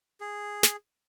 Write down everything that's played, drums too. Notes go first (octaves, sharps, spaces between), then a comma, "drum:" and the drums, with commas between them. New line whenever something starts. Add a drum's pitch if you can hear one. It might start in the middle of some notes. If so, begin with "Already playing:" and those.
G#4
drum: snare